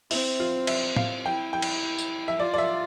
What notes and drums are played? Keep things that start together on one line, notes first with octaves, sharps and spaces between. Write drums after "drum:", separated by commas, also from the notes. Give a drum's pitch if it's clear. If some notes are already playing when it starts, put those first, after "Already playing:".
C4 E4, drum: open hi-hat
F4
E5, drum: cymbal
F5, drum: tom
E4 G5
G5
drum: cymbal
drum: tambourine
E5
F4 D5
D5
E5